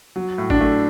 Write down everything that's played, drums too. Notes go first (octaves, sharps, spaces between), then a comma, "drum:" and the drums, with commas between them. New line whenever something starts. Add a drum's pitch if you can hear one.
F#3
A2
D4, drum: kick
A3